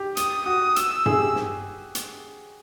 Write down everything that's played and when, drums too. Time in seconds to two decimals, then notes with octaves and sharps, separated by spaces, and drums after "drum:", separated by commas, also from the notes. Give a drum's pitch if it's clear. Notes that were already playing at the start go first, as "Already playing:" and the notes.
Already playing: G4
0.17 D#6, drum: hi-hat
0.46 F#4 D#6
0.76 E6, drum: hi-hat
1.06 G#4, drum: tom G2
1.17 G4
1.35 drum: snare
1.95 drum: hi-hat